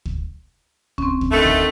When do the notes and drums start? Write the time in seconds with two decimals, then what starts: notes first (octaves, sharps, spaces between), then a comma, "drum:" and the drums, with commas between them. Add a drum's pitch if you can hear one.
0.05 drum: kick
0.98 C4 C#4, drum: kick
1.21 drum: kick
1.32 D3 D#3 A3
1.44 drum: kick